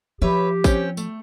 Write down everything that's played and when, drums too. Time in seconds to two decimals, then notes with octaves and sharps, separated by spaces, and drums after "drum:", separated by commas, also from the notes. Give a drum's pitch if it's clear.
0.22 F3 G4 B4 C#5 E5
0.64 C4 C#4 G5, drum: kick, tambourine
0.97 A3, drum: tambourine